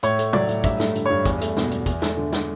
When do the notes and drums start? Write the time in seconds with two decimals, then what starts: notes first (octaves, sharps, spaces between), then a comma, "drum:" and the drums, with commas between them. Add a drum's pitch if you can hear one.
0.03 A2 C#5, drum: hi-hat
0.19 A3, drum: hi-hat
0.33 F#3 D5, drum: tom
0.48 A2, drum: hi-hat
0.64 G2 E5, drum: kick, hi-hat
0.80 A3, drum: snare
0.95 D3, drum: hi-hat
1.06 G2 C#5
1.25 E2, drum: kick, hi-hat
1.41 A3, drum: hi-hat
1.57 B2, drum: snare
1.71 E2, drum: hi-hat
1.86 E2, drum: kick, hi-hat
2.02 A3, drum: snare
2.17 D3
2.33 drum: snare